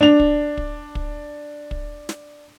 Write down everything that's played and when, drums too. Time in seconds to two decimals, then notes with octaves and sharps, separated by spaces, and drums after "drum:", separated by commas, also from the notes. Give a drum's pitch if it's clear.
0.01 D4 F7
0.20 drum: kick
0.57 drum: kick
0.95 drum: kick
1.71 drum: kick
2.09 drum: snare